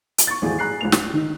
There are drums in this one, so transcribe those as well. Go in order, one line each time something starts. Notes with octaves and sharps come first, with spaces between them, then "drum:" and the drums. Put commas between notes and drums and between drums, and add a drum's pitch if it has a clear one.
drum: hi-hat
C#6 A6
D#1 G#1 G#2 E3 G#4
G#4 A#5 F#6 C7
C#2 G#2 F7
D4, drum: snare
D#3 D#4